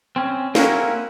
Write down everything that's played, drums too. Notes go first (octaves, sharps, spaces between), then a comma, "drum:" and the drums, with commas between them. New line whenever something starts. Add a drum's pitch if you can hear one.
C4 C#4
A#3 C4 C#4 E4 F#4 A#4, drum: snare